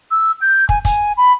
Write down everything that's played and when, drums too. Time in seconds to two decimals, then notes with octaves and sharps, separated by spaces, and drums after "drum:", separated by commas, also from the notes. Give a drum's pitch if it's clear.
0.11 E6
0.41 G6
0.69 G#5, drum: kick
0.85 G#5, drum: kick, hi-hat
1.17 B5